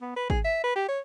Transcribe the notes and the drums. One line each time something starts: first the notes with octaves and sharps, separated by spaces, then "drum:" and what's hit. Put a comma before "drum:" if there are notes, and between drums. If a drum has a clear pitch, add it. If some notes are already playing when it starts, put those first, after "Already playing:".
B3
B4
G#4, drum: kick G#1
E5
B4
G4
C#5